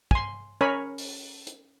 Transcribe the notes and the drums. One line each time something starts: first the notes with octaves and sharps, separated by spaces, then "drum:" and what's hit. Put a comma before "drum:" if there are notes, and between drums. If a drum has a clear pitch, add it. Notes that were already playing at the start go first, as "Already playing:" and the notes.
G#5 C6, drum: kick
C#4 A#4 C#5 G#5 B5
drum: open hi-hat
drum: hi-hat